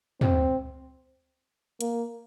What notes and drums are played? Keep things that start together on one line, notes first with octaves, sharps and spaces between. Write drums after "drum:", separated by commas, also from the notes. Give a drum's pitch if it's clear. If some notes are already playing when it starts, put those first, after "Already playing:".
C4, drum: tom
A#3, drum: hi-hat